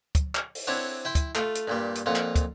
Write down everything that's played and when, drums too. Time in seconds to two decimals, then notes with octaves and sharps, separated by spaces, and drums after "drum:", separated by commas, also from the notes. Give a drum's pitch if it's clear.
0.15 drum: kick, hi-hat
0.35 drum: clap
0.55 drum: open hi-hat
0.67 C4 D4 E4 C#5 F#5
1.05 E4 G5 C6
1.15 drum: kick, hi-hat
1.35 A3 F4, drum: clap
1.55 drum: hi-hat
1.68 G2 A#2 G3
1.95 drum: hi-hat
2.06 F2 A#2 F4 F#5
2.15 drum: clap
2.36 drum: kick, hi-hat